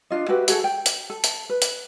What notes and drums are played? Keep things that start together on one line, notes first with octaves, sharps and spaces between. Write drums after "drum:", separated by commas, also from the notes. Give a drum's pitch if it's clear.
D4 F4 D#5
F#4 G4 B4 E5
F#4 G#4 A4, drum: hi-hat
G5
drum: hi-hat
A4
drum: hi-hat
B4
drum: hi-hat